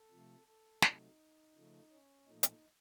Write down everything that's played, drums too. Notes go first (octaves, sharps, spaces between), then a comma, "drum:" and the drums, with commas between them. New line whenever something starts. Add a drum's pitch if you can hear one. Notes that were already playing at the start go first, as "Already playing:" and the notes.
Already playing: A4
C3 F3 A3
A4
C3 F#3 A3 D#4, drum: snare
C#3 F3 A3
C#4
A#2 F3 A3 D#4
drum: hi-hat